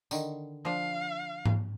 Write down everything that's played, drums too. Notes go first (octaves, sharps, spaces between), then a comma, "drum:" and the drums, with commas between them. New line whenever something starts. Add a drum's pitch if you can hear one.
D3 D#3, drum: tambourine
F3 D4 F5
drum: tom G#2